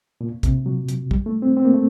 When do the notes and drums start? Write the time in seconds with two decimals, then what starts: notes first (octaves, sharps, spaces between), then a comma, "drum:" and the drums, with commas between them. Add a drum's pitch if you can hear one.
0.21 A#2
0.43 C3, drum: kick, hi-hat
0.66 F#3
0.89 drum: hi-hat
1.11 G3, drum: kick
1.26 A3
1.42 C4
1.57 C4
1.65 A#3
1.74 A3